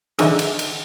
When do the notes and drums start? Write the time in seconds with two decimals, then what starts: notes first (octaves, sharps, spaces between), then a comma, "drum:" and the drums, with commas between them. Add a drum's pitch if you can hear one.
0.19 D3 E3 D#4 G#4, drum: cymbal
0.39 drum: cymbal
0.59 drum: cymbal